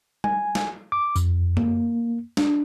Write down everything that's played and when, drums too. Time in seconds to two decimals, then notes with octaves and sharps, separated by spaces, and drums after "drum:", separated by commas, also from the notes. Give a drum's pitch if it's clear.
0.24 G#5, drum: tom G3
0.55 drum: snare
0.92 D6
1.16 F2, drum: tambourine
1.57 A#3, drum: tom F#2
2.37 D4, drum: snare